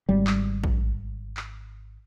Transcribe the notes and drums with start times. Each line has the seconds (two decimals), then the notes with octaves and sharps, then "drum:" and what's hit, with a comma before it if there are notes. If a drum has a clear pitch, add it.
0.09 G#1 G3
0.27 drum: clap
0.64 drum: kick
1.37 drum: clap